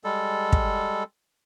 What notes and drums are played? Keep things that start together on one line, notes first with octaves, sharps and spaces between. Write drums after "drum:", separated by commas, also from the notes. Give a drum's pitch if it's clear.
G3 G#3 A4
drum: kick